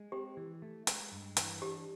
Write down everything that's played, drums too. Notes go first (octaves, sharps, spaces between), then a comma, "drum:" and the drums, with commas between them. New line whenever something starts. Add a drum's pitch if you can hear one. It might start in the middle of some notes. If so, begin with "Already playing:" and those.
Already playing: G#3
C4 G4
E3
A3
G#3, drum: hi-hat
G2
E3, drum: hi-hat
D4 G4